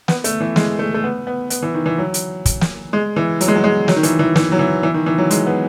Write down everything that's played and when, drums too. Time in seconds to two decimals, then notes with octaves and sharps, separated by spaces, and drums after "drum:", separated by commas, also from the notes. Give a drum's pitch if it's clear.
0.08 B3, drum: snare
0.24 A3, drum: hi-hat
0.40 E3
0.56 G#3, drum: snare
0.79 A3
0.94 A3
1.04 B3
1.27 B3
1.50 B3, drum: hi-hat
1.63 E3
1.74 D#3
1.86 E3
1.98 F#3
2.14 drum: hi-hat
2.45 drum: kick, hi-hat
2.61 drum: snare
2.93 G#3
3.16 E3
3.41 F#3, drum: hi-hat
3.48 G#3
3.55 F#3
3.64 G#3
3.88 F#3, drum: snare
3.96 D#3
4.03 E3, drum: hi-hat
4.19 E3
4.36 E3, drum: snare
4.52 F#3
4.59 E3
4.83 E3
4.94 D#3
5.06 E3
5.18 F#3
5.30 G#3, drum: hi-hat
5.47 B3